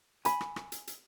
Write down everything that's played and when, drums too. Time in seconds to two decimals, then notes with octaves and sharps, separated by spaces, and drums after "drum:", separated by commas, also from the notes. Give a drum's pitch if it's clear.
0.25 G#5 B5, drum: hi-hat
0.41 drum: rim click
0.56 drum: rim click
0.72 drum: hi-hat
0.87 drum: hi-hat